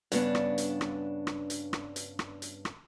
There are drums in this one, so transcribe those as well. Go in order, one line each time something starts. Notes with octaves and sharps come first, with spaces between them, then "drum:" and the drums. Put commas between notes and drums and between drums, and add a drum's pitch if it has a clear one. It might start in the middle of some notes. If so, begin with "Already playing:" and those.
G2 C#3 B3 D4, drum: hi-hat
drum: rim click
drum: hi-hat
drum: rim click
drum: rim click
drum: hi-hat
drum: rim click
drum: hi-hat
drum: rim click
drum: hi-hat
drum: rim click